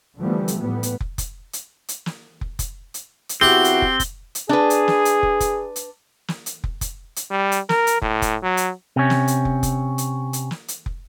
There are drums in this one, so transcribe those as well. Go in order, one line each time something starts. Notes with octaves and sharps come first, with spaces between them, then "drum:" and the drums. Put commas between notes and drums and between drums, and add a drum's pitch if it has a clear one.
D3 E3 F3 G3 A3 B3
drum: hi-hat
A2 G3 B3
drum: hi-hat
drum: kick
drum: kick, hi-hat
drum: hi-hat
drum: hi-hat
drum: snare
drum: kick
drum: kick, hi-hat
drum: hi-hat
drum: hi-hat
E2 C4 E4 F#4 G4 F#5 G7
drum: hi-hat
drum: kick
drum: kick, hi-hat
drum: hi-hat
D4 G#4 B4
drum: hi-hat
drum: snare
drum: hi-hat
drum: kick
drum: kick, hi-hat
drum: hi-hat
drum: snare
drum: hi-hat
drum: kick
drum: kick, hi-hat
drum: hi-hat
G3
drum: hi-hat
A#4, drum: snare
drum: hi-hat
A2, drum: kick
drum: kick, hi-hat
F#3
drum: hi-hat
C3 C#4
drum: snare
drum: hi-hat
drum: kick
drum: kick, hi-hat
drum: hi-hat
drum: hi-hat
drum: snare
drum: hi-hat
drum: kick